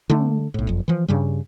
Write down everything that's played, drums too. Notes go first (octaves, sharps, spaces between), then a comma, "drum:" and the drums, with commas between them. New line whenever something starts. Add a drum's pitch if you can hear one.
D3 A3, drum: tom
B1 A2
F#1 F2
E3 F3
G2 C#3 G3